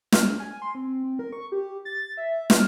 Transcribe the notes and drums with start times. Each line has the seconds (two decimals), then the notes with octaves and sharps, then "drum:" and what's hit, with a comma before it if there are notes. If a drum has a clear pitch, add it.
0.12 F6, drum: snare
0.40 G#5
0.62 C6
0.75 C4
1.04 C4
1.19 A#4
1.33 C#6
1.52 G4
1.85 A6
2.17 E5
2.50 F6, drum: snare